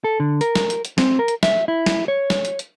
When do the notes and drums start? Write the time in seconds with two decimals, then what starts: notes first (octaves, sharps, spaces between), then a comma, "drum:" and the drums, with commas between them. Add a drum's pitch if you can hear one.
0.04 A4
0.20 D3
0.41 A#4, drum: hi-hat
0.55 drum: snare
0.70 drum: hi-hat
0.85 drum: hi-hat
0.98 C4, drum: snare
1.19 A#4
1.28 drum: hi-hat
1.43 E5, drum: snare
1.68 E4
1.86 drum: snare
2.08 C#5
2.30 drum: snare
2.45 drum: hi-hat
2.59 drum: hi-hat